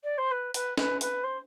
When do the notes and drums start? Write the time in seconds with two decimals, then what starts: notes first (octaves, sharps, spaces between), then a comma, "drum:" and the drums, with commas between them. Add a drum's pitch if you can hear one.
0.03 D5
0.17 C5
0.31 B4
0.54 B4, drum: hi-hat
0.78 B4, drum: snare
1.01 B4, drum: hi-hat
1.23 C5